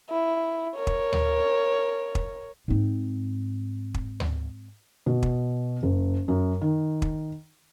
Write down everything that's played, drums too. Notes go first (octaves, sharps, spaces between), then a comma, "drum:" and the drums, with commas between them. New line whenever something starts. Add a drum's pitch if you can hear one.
E4
A#4 C#5
drum: kick
drum: tom D2
drum: kick
G#2 C4
drum: kick
drum: tom D2
B2
drum: kick
F#1
F#2
D#3
drum: kick